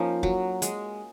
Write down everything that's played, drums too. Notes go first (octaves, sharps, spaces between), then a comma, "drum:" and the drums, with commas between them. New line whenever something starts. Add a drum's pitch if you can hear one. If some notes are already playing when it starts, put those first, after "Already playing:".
Already playing: F3 A#3 C#4 D#4
F#3, drum: kick
G#3, drum: hi-hat